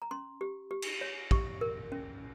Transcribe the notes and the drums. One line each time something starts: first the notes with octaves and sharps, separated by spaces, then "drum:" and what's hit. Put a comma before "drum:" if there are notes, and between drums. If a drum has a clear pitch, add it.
A#5
C#4 C6
G4
G4
drum: cymbal
C#5
G4 C#6, drum: kick
A#4
C#4